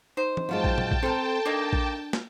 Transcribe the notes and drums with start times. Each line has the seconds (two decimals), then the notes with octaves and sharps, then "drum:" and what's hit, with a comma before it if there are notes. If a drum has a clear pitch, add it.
0.17 D#4 C5
0.37 drum: tom E3
0.49 F#2 F3 G#3 G5 A5
0.64 drum: kick A#1
0.78 drum: tom A#2
0.91 drum: kick A#1
1.03 C4 A4 A#4 C5
1.46 A#3 D4 D#4 D5
1.73 drum: kick A#1
2.13 drum: snare